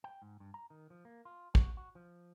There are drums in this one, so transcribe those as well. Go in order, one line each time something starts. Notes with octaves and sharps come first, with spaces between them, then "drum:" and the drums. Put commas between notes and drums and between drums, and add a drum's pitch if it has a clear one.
G5
G#2
G2
A#5
D#3
F3
A#3
F4
F#4, drum: kick
F#4
F3